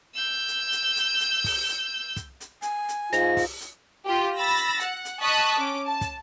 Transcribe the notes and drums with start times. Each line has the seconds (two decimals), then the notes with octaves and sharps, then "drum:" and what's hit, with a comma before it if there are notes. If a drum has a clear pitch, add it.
0.15 E6 G6
0.48 drum: hi-hat
0.72 drum: hi-hat
0.96 drum: hi-hat
1.20 drum: hi-hat
1.44 drum: kick, open hi-hat
1.68 drum: hi-hat
2.16 drum: kick, hi-hat
2.40 drum: hi-hat
2.62 G#5, drum: hi-hat
2.89 drum: hi-hat
3.13 G#2 F4 A#6, drum: hi-hat
3.37 drum: kick, open hi-hat
3.61 drum: hi-hat
4.06 F4 G4
4.37 B5 E6 A6 A#6
4.57 drum: hi-hat
4.80 F#5, drum: hi-hat
5.05 drum: hi-hat
5.21 D#5 A5 C#6 D#6 F#6 B6
5.58 C#4 D6
5.87 A5
6.01 drum: kick, hi-hat